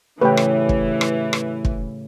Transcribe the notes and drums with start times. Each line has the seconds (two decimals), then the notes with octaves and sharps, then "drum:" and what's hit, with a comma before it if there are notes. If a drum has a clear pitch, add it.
0.21 A2 C#3 E3 G4 B4 G5
0.37 drum: rim click
0.69 drum: kick
1.01 drum: rim click
1.33 drum: rim click
1.65 drum: kick